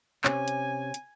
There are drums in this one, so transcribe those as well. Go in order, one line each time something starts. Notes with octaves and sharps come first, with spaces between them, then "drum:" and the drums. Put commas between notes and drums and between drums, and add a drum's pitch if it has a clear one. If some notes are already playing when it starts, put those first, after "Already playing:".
C3 C#4 G#5, drum: clap
drum: hi-hat
drum: hi-hat